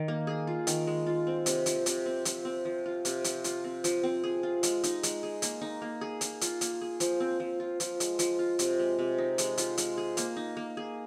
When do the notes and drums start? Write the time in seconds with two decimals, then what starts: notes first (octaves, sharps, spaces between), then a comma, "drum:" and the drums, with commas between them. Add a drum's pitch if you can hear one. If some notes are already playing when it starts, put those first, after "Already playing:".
Already playing: D#3
0.08 A#3
0.27 G#4
0.47 F4
0.67 D#3, drum: hi-hat
0.87 G#3
1.07 F4
1.27 C4
1.46 C3, drum: hi-hat
1.66 F3, drum: hi-hat
1.86 C3, drum: hi-hat
2.06 C4
2.25 F3, drum: hi-hat
2.45 C4
2.65 F3
2.86 F4
3.05 C3, drum: hi-hat
3.24 F3, drum: hi-hat
3.44 F4, drum: hi-hat
3.64 C4
3.84 F3, drum: hi-hat
4.03 C4
4.24 G#4
4.43 F4
4.63 G#3, drum: hi-hat
4.83 D#4, drum: hi-hat
5.03 G#3, drum: hi-hat
5.23 G#4
5.42 A#3, drum: hi-hat
5.61 D#4
5.82 A#3
6.01 G#4
6.21 A#3, drum: hi-hat
6.41 F4, drum: hi-hat
6.61 A#3, drum: hi-hat
6.81 G#4
7.00 F3, drum: hi-hat
7.20 C4
7.40 F3
7.60 F4
7.80 F3, drum: hi-hat
8.00 G#3, drum: hi-hat
8.19 F3, drum: hi-hat
8.39 F4
8.59 C3, drum: hi-hat
8.79 G#3
8.99 C3
9.18 D#4
9.38 G#3, drum: hi-hat
9.58 F4, drum: hi-hat
9.77 G#3, drum: hi-hat
9.98 G#4
10.17 A#3, drum: hi-hat
10.36 D#4
10.57 A#3
10.77 G#4